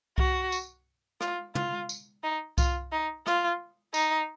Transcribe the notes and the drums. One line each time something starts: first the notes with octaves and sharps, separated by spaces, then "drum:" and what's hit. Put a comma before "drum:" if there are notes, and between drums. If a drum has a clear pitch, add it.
F#4, drum: kick C2
drum: tambourine
F4, drum: rim click
F4, drum: tom
drum: tambourine
D#4
F4, drum: kick C2, tambourine
D#4
F4, drum: rim click
D#4, drum: tambourine